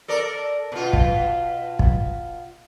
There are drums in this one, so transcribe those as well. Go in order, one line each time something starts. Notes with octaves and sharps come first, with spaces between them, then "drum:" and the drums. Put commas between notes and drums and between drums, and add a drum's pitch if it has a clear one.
A4 A#4 D5
B2 F4
drum: kick
drum: kick